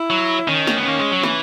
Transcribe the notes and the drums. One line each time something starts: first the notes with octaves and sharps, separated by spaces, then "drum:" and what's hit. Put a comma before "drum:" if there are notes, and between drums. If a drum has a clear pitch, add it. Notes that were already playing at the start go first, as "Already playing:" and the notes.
Already playing: E4
F#3
D#3 C#4
drum: snare
B3
A#3 C#4
G#3
F#3
E3, drum: snare